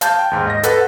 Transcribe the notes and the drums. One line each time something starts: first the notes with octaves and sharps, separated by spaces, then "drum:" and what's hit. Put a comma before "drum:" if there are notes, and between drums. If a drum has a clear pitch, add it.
F5 A5 G6, drum: hi-hat
G5
D#2 G#2
D#5 A#6
A4 B4 F#5, drum: hi-hat